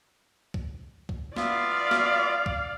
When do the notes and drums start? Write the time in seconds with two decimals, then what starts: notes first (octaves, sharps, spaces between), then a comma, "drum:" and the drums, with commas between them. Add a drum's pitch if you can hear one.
0.54 drum: kick
1.09 drum: kick
1.36 B3 F4 D5 E5 F5, drum: snare
1.91 drum: snare
2.46 drum: kick